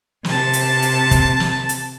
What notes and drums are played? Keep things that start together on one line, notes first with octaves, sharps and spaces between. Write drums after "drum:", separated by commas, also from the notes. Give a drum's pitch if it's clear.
C3 A5, drum: snare
drum: hi-hat
drum: hi-hat
drum: kick, hi-hat
drum: snare
drum: hi-hat